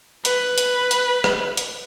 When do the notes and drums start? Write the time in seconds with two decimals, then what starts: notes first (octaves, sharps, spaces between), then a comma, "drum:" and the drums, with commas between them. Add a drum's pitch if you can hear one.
0.25 B4, drum: hi-hat
0.58 drum: hi-hat
0.91 drum: hi-hat
1.24 drum: rim click
1.57 drum: hi-hat